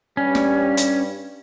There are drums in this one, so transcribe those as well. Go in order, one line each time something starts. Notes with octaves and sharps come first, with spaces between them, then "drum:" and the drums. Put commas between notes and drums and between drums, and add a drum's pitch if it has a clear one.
G2 G3 C#4
drum: snare
drum: hi-hat